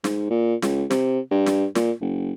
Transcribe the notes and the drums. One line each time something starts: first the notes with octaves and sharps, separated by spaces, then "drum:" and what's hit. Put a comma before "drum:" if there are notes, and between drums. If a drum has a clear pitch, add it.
G#2, drum: snare
A#2
C#2, drum: snare
C3, drum: snare
G2
drum: snare
A#2, drum: snare
F#1